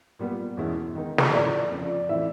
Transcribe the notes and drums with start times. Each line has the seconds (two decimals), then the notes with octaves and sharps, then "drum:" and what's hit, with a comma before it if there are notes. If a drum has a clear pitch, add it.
0.19 A#2 G3 B3
0.57 E2 B2 G#3 C#4 E4
0.95 D#3 G#3 B3 D#4
1.18 drum: snare
1.33 A2 F3 G#3 C#4 E4 D5
1.70 F2 C#3 F3
2.09 A2 E3 A3 C4 E4 E5